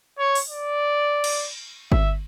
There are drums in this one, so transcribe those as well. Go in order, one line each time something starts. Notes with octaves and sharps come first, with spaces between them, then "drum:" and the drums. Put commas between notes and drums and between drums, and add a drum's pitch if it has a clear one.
C#5
drum: open hi-hat
D5
drum: cymbal
E5, drum: kick G1